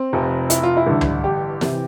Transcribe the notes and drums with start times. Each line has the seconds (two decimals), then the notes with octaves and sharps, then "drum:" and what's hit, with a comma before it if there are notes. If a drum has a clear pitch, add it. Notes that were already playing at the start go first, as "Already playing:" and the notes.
Already playing: C4
0.13 F1 F2 C3
0.50 E4, drum: hi-hat
0.63 F4
0.77 E4
0.86 A1 G2 D3
1.01 drum: tom C#2
1.24 G4
1.61 C3 E3, drum: snare